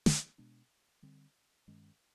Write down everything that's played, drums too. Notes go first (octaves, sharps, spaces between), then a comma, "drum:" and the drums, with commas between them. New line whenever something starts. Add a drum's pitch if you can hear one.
drum: snare
B2 G#3 B3 D4
D3 G3 C4
G2 D#3 G#3 C#4